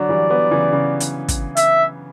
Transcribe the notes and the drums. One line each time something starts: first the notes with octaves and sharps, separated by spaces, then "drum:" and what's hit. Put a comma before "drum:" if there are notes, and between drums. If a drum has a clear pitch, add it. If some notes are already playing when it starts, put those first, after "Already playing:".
Already playing: D3 F#3 D5
E3 G3
G3 B3
C#3 E3
C#3
drum: hi-hat
drum: kick, hi-hat
E5, drum: hi-hat